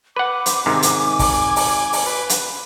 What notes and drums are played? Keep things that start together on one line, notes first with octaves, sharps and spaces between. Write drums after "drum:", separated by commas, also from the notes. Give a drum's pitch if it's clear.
B4 F#5 D6
C5, drum: hi-hat
G#2 C3 D#3 G#5
drum: hi-hat
drum: kick, open hi-hat
drum: open hi-hat
drum: open hi-hat
B4
drum: hi-hat